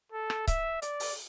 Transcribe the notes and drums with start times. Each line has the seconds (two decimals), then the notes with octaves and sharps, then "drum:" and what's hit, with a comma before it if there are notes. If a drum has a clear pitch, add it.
0.12 A4
0.30 drum: rim click
0.47 E5, drum: kick C#1, hi-hat
0.82 D5, drum: hi-hat
1.00 drum: open hi-hat